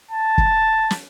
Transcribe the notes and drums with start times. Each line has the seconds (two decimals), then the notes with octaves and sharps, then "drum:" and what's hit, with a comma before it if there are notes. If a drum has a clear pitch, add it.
0.11 A5
0.38 drum: kick
0.90 drum: snare